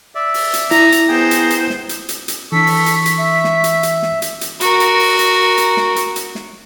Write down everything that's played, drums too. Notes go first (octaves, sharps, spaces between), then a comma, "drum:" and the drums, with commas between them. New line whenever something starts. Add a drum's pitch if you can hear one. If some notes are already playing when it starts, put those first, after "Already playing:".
D5 E5
drum: open hi-hat
drum: hi-hat
E4 A#5, drum: hi-hat
drum: hi-hat
B3 G#4 C5 G5 A#5
drum: hi-hat
drum: hi-hat
drum: snare
drum: hi-hat
drum: hi-hat
drum: hi-hat
E3 D4 A4 C#6 B6
drum: open hi-hat
drum: hi-hat
drum: hi-hat
E5
drum: snare
drum: hi-hat
drum: hi-hat
drum: snare
drum: hi-hat
drum: hi-hat
F#4 A#4, drum: hi-hat
drum: hi-hat
drum: open hi-hat
drum: hi-hat
drum: hi-hat
drum: snare
drum: hi-hat
drum: hi-hat
drum: snare